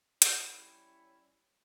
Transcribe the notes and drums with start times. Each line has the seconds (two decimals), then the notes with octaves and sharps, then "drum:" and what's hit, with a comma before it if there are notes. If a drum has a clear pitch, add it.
0.22 G3 C#4 E4, drum: hi-hat